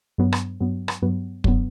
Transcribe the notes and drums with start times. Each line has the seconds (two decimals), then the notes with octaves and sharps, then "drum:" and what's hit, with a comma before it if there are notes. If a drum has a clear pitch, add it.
0.18 G2 F#3 B3
0.32 drum: rim click
0.60 G2 F#3 B3
0.88 drum: rim click
1.02 G2 F#3 B3
1.44 G2 F#3 B3, drum: kick